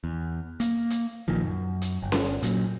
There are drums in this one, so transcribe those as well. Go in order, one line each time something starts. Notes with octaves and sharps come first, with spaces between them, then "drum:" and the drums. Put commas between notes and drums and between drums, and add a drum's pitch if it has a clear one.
E2
A#3, drum: hi-hat
drum: hi-hat
A#1 A#2 D#3 F3
F#2
drum: hi-hat
G1
drum: snare C#4
A#2 F#3, drum: hi-hat